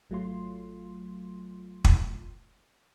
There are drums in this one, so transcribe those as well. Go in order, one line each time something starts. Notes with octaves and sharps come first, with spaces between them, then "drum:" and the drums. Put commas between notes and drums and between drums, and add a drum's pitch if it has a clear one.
G#1 F#3 A3 F4 C6
drum: kick